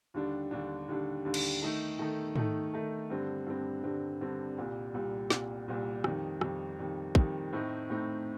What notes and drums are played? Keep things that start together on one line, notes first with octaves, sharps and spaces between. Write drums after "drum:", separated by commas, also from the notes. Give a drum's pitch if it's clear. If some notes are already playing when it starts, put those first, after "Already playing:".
D#2 D3 G3 D4
D#2 D3 G3 D4
D#2 D3 G3 D4
D#2 D3 G3 D4
drum: cymbal
D#3 A3 D#4 A4
D#3 A3 D#4 A4
D#3 A3 D#4 A4, drum: tom G#2
D#3 A3 D#4 A4
G2 D3 G3 C4
G2 D3 G3 C4
G2 D3 G3 C4
G2 D3 G3 C4
C2 A#2 G3
C2 A#2 G3
C2 A#2 G3, drum: snare
C2 A#2 G3
F2 D#3 G3, drum: rim click
F2 D#3 G3, drum: rim click
F2 D#3 G3
F2 D#3 G3, drum: kick
A2 A3 C4 D#4
A2 A3 C4 D#4